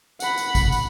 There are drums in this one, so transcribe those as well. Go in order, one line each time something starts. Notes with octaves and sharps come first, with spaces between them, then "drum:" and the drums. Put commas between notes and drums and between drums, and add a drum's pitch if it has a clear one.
F#5 B5, drum: tambourine
drum: tambourine
drum: kick, tambourine
drum: tambourine